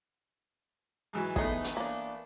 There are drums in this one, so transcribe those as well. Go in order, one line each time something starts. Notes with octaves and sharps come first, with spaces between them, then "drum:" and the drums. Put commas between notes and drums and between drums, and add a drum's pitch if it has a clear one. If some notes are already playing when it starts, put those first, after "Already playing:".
G#2 E3 F#3
E3 A3 B3 D#4 G#4, drum: kick
drum: hi-hat
A#3 D4